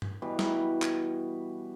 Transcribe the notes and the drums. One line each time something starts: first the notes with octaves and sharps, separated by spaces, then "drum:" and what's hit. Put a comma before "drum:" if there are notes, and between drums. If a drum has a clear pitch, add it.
drum: tom G2
B2 E3 G3
drum: snare
drum: clap